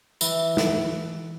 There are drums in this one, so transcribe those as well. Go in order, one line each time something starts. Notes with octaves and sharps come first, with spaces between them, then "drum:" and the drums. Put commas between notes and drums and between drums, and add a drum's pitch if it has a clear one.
E3, drum: tambourine
drum: snare